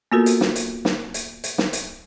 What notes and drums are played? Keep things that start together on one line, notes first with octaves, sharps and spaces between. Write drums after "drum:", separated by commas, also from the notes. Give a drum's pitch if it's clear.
A#3 B3 F4 F#4 A4 A#4
drum: hi-hat
drum: snare
drum: hi-hat
drum: snare
drum: hi-hat
drum: hi-hat
drum: snare
drum: hi-hat